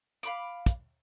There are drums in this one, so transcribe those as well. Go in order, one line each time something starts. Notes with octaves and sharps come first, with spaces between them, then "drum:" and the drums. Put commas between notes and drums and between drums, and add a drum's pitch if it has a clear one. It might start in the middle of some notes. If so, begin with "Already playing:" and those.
F5 B5 D6, drum: hi-hat
drum: kick, hi-hat